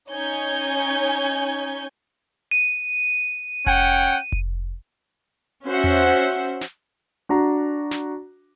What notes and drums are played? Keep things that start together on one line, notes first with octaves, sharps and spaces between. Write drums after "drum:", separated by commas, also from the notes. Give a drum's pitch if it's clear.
C#4 D#4 C#5 G#5 G6 G#6
D#7
C#4 F#5 G5, drum: kick F1
drum: kick F1
C#4 F#4 C5 E5 F#5
drum: tom E2
drum: snare
D4 F#4 A#5
drum: snare